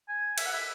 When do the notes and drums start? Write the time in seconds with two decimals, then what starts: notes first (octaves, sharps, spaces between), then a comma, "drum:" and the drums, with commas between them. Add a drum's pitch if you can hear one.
0.09 G#5
0.38 E5, drum: cymbal
0.46 F#5
0.53 E5